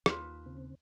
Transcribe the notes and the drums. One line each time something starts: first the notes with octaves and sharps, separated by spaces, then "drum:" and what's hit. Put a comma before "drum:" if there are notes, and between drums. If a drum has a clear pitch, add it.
D#2 F4 B4, drum: rim click
C#3 C4